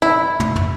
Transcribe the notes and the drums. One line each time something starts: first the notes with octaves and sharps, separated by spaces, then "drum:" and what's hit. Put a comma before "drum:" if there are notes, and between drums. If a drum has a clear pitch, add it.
E4, drum: tom
drum: tom
drum: tom